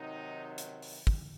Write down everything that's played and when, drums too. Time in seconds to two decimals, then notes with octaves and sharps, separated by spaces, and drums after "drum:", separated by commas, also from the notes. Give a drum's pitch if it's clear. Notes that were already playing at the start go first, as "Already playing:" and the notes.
Already playing: C3 D#3 F#3 D#4
0.58 drum: hi-hat
0.82 drum: open hi-hat
1.07 drum: kick